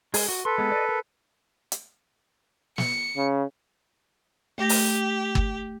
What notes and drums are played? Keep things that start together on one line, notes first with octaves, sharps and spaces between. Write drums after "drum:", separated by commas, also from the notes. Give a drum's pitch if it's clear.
G#3 G#4, drum: open hi-hat
F#4
A4 B4 C6
G#3 B3
D5 D#5
A#4
drum: hi-hat
C#7, drum: snare
C#3
A3 G4 A#6
drum: open hi-hat
drum: kick